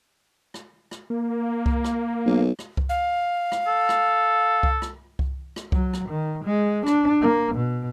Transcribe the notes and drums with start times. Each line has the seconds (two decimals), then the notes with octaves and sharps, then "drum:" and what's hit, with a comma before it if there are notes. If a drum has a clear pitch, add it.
0.54 drum: rim click
0.91 drum: rim click
1.10 A#3
1.66 drum: kick C2
1.84 drum: rim click
2.26 B1
2.59 drum: rim click
2.77 drum: kick C2
2.89 F5
3.52 drum: rim click
3.67 A4
3.89 drum: rim click
4.63 drum: kick C2
4.82 drum: rim click
5.19 drum: kick C2
5.56 drum: rim click
5.72 F#3, drum: kick C2
5.93 drum: rim click
6.09 D#3
6.45 G#3
6.86 D4, drum: rim click
7.21 A#3
7.55 B2